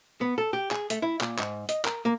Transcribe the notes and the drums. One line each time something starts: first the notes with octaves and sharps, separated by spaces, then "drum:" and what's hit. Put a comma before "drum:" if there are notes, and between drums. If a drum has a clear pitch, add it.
B3
A4
G4
G#4, drum: clap
A3, drum: hi-hat
E4
A#2, drum: clap
G#2, drum: clap
D#5, drum: hi-hat
A#4, drum: clap
A#3